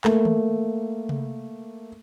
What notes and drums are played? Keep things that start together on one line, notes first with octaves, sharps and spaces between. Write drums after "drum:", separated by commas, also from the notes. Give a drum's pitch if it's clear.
A3 A#3, drum: clap
drum: tom D#3
drum: tom C3